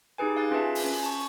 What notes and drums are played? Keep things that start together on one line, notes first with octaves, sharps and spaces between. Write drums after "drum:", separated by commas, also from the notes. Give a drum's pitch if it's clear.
D#4 G4 G#4 B4 G#5
F5 G#5 F#6 A6
C#4 F4 G#4 B4 E5 A5
drum: open hi-hat
C#4
A5 C#6